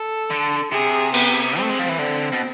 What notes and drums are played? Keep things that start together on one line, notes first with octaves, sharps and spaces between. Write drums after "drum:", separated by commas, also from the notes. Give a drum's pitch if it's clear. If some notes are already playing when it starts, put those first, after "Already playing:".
Already playing: A4
D3
C3 G#4
B3, drum: cymbal
A3 C4
G#3
F3
E3
D3 C4
B2